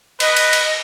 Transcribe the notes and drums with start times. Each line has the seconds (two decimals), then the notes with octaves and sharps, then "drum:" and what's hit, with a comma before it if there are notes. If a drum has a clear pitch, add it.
0.20 B4 D#5, drum: cymbal
0.37 drum: cymbal
0.53 drum: cymbal